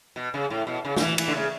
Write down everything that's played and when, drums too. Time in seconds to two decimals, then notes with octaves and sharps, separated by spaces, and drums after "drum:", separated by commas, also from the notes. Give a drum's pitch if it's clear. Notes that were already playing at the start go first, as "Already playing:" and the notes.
0.16 B2
0.34 C#3
0.50 A2
0.67 B2
0.85 C#3
0.97 D3, drum: snare
1.01 E3
1.18 E3, drum: cymbal
1.28 D3
1.34 C#3